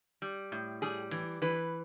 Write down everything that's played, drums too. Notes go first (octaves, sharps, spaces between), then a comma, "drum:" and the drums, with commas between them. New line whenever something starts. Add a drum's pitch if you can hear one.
G3
A2
G3 G#4
E3, drum: open hi-hat
E3 B4